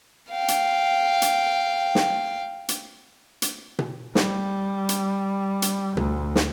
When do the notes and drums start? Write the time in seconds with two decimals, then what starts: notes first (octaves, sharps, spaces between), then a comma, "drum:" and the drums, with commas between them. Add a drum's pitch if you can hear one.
0.31 F5 G5
0.48 drum: hi-hat
1.22 drum: hi-hat
1.95 drum: snare
2.69 drum: hi-hat
3.42 drum: hi-hat
3.79 drum: tom B2
4.15 G3, drum: snare
4.89 drum: hi-hat
5.62 drum: hi-hat
5.97 D2, drum: tom B2
6.36 drum: snare